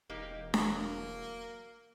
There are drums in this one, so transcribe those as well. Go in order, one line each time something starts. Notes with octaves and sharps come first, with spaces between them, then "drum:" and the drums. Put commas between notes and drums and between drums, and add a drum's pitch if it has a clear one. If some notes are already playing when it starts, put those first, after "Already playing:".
E1 A#3 D#4 G4
F#3 A#3, drum: snare D4